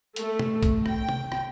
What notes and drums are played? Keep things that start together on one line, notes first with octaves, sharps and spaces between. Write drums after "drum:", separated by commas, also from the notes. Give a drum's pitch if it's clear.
A3, drum: hi-hat
drum: tom
drum: kick, hi-hat
G5, drum: rim click
drum: tom C3
drum: rim click